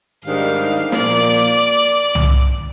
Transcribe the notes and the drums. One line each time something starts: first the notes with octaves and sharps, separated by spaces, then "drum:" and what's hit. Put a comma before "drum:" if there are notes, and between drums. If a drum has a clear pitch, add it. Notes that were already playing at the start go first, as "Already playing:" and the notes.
G#2 D#3 G3 D4 G4 F5
A#2 F3 A#3 D5, drum: snare
drum: tom